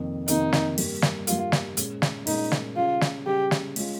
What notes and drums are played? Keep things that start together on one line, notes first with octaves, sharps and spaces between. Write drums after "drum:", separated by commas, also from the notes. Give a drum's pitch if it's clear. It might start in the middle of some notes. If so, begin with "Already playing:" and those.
Already playing: F2 C3 D#3 A#3
F2 C3 D#3 A#3 D#4, drum: hi-hat
drum: snare
G2 G3 A#3, drum: open hi-hat
drum: snare
G2 G3 A#3 F4, drum: hi-hat
drum: snare
A#2 G#3 C#4 G#4, drum: hi-hat
drum: snare
A#2 G#3 C#4 D#4 G#4, drum: open hi-hat
drum: snare
C#3 G3 C#4 F4 G#4
drum: snare
C#3 G3 C#4 G4 G#4
drum: snare
G#3 C#4 F4, drum: open hi-hat